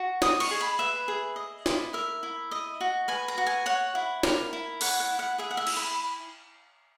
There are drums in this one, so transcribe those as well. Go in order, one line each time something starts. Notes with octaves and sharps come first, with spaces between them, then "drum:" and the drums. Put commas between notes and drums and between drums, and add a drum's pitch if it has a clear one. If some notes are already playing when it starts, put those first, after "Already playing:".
Already playing: F#4
D#5 D#6, drum: snare
C#6, drum: cymbal
G#4
B5
B4 E5
G#4
D#5
E4, drum: snare
A#4 E5
E4
D#5
F#4
B4 G#5
A#5
F#4
G#5
C#5 F#5
E4
A#4, drum: snare
E4
C#5 F#5, drum: open hi-hat
F#5
E4
F#5
G#4 E5
F#5
E5
E4, drum: cymbal
B5